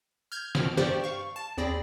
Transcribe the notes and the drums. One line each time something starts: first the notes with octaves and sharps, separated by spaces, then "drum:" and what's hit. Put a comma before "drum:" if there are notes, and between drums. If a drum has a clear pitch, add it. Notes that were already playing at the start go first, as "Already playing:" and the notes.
F6 G6 G#6
B2 F3 C4 G5 F6, drum: snare
G2 G4 C5 D5 G5 C#6, drum: snare
F5 C#6
A5
D#2 C4 G#4 D5 B5 A#6